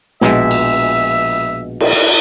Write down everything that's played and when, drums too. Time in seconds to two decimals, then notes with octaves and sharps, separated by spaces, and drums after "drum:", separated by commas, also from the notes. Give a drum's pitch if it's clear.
0.21 A#1 B2 G#3 E5, drum: snare
0.51 drum: cymbal
1.80 drum: cymbal